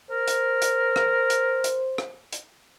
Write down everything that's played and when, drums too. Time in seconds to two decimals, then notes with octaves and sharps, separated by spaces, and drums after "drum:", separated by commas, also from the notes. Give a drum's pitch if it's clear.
0.10 A#4 C5
0.28 drum: hi-hat
0.62 drum: hi-hat
0.96 drum: rim click
1.30 drum: hi-hat
1.64 drum: hi-hat
1.98 drum: rim click
2.33 drum: hi-hat